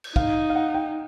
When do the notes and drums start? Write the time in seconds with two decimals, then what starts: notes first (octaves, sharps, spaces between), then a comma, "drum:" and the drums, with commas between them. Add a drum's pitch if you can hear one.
0.04 drum: cymbal
0.16 D#4 F5, drum: kick
0.50 F5
0.55 F#5
0.74 G5